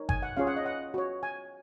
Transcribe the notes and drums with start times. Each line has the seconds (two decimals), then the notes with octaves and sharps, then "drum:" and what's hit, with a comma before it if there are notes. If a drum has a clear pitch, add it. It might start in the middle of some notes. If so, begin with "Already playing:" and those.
Already playing: D#4 A#4 C#5
0.09 G#5, drum: kick G1
0.23 F#5
0.37 C#4 F4 G#4 C#5 F5
0.47 F#5
0.57 D#5
0.66 F#5
0.94 F#4 C#5
1.23 G#5